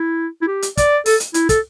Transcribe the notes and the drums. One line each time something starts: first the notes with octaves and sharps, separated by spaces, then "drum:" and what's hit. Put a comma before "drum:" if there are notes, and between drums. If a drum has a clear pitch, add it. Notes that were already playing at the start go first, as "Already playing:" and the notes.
Already playing: E4
E4
G4
drum: hi-hat
D5, drum: kick, hi-hat
A4, drum: open hi-hat
drum: hi-hat
E4, drum: hi-hat
A4, drum: kick, hi-hat